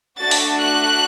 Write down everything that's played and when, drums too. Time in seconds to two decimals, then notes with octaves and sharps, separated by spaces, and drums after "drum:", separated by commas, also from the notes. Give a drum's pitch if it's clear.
0.20 A3 D4 F#4 A6
0.31 drum: open hi-hat
0.62 F#6